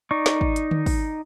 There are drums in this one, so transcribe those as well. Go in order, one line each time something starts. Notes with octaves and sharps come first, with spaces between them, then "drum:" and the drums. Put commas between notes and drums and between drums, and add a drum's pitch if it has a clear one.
D#4 D5 C#6
drum: snare
drum: kick
drum: hi-hat
drum: tom D3
drum: kick, open hi-hat